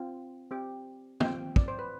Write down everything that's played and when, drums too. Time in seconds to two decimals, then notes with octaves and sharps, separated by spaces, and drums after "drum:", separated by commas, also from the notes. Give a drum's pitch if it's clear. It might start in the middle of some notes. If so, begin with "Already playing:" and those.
Already playing: C4 F4
0.51 C4 G4
1.20 C4 F4 G5, drum: tom
1.56 D5, drum: kick
1.68 C5
1.79 B4